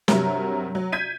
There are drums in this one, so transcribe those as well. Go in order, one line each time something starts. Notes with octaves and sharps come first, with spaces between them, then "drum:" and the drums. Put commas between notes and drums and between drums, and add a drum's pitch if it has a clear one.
G2 C3 F#3 G3 A#4 E5, drum: snare
F#3
G6 G#6 B6 D#7